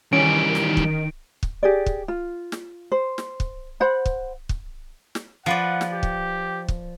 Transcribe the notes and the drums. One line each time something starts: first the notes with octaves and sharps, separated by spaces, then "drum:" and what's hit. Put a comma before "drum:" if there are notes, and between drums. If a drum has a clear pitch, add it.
D#3 E3 G3 C#4 D7
drum: snare
drum: kick
drum: kick
G4 G#4 D5
drum: kick
F4
drum: snare
C5
drum: snare
drum: kick
C5 F#5 B5
drum: kick
drum: kick
drum: snare
F3 B4 D5 F#5
drum: snare
G4
drum: kick
drum: kick